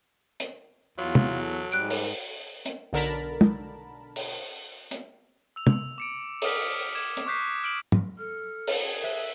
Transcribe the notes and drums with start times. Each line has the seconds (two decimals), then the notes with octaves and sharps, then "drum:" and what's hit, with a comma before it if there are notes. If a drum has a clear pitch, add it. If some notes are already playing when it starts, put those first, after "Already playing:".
0.40 drum: hi-hat
0.98 E2 F#3 F4
1.15 drum: tom
1.42 A4
1.72 G#2 G3 F#6 D7
1.90 drum: open hi-hat
2.66 drum: hi-hat
2.93 B1 D3 A#4 A5 B5
3.41 drum: tom
4.16 drum: open hi-hat
4.91 drum: hi-hat
5.56 E6 F7
5.67 drum: tom
5.98 D6 C#7 D7
6.42 D6 D#6 F6 B6, drum: open hi-hat
6.95 D6 G#6 E7
7.17 drum: hi-hat
7.26 C#6 D6 F#6 G6 B6 C7
7.64 F6 D7 F#7
7.92 drum: tom
8.18 A4 F6
8.67 drum: open hi-hat
8.81 G#4
9.03 E5 F#6 B6